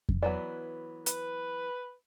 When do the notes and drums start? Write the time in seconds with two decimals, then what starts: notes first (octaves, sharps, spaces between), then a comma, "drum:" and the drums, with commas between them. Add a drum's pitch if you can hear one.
0.09 drum: kick F2
0.23 E3 F#3 B3 D5
1.06 B4, drum: hi-hat